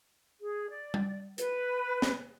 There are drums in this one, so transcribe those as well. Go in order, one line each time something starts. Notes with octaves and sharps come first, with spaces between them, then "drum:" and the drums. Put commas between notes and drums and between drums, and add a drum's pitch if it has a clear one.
G#4
D5
drum: tom
B4, drum: hi-hat
drum: snare